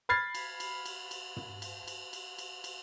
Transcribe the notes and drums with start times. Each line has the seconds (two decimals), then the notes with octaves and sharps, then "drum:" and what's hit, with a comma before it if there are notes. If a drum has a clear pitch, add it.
0.09 B5 F6 G#6 A6 C7
0.35 drum: cymbal
0.60 drum: cymbal
0.86 drum: cymbal
1.11 drum: cymbal
1.37 drum: tom
1.62 drum: cymbal
1.88 drum: cymbal
2.13 drum: cymbal
2.39 drum: cymbal
2.64 drum: cymbal